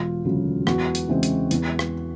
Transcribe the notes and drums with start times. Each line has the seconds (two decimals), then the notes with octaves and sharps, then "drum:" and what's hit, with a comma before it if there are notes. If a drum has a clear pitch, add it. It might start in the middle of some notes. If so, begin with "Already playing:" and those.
Already playing: E1 F4
0.24 D2 C#3 F#3
0.67 E2 F#4, drum: rim click
0.95 drum: hi-hat
1.09 C#3 E3 G#3 C4
1.23 drum: hi-hat
1.51 E2, drum: hi-hat
1.79 drum: rim click